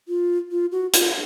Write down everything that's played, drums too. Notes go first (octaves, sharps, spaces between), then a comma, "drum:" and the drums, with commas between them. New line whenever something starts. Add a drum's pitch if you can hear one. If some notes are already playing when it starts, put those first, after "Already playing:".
F4
F4
F#4
F4, drum: hi-hat